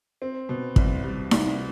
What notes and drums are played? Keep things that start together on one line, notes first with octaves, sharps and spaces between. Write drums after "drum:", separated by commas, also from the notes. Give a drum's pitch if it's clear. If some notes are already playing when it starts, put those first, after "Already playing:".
C4
B2
C2, drum: kick
G3
C2, drum: snare D#4